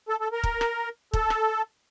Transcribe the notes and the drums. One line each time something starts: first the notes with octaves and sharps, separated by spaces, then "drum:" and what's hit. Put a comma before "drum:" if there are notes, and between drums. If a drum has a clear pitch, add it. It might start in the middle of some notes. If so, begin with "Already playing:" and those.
A4
A4
A#4
drum: kick
drum: rim click
A4, drum: kick
drum: rim click